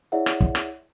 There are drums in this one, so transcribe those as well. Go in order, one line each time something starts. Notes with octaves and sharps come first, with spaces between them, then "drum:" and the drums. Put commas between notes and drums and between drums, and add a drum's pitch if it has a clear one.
E4 G#4 C#5 D5 E5 F#5
drum: rim click
drum: kick
drum: rim click